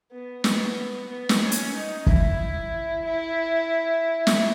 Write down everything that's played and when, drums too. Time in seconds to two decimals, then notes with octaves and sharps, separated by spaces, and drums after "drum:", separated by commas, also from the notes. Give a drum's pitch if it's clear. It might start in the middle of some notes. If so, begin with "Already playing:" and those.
0.12 B3
0.44 B3, drum: snare
1.09 B3
1.29 drum: snare
1.42 C#4
1.52 drum: hi-hat
1.74 D#4
2.06 E4, drum: kick
3.04 E4
4.27 drum: snare